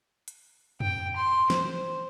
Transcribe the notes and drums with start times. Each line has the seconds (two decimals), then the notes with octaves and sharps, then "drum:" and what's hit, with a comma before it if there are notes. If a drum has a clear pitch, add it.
0.28 drum: hi-hat
0.80 G5, drum: tom F2
1.16 C6
1.50 C5, drum: snare